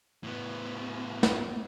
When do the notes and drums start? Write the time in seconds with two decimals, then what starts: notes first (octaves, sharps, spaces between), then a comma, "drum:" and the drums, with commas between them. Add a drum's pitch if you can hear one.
0.23 A2 B3
1.23 drum: snare